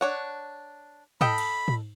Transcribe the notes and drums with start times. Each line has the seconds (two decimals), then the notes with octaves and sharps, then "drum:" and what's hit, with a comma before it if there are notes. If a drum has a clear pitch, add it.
0.01 D4 C#5 F#5
1.21 A4 D#5 G5 B5, drum: tom
1.38 drum: cymbal
1.68 drum: tom